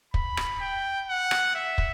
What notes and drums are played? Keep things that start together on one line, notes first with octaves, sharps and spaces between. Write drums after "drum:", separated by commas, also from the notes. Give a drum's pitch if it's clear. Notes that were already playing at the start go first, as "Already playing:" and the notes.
B5, drum: kick
drum: rim click
G5
F#5
drum: rim click
E5
drum: kick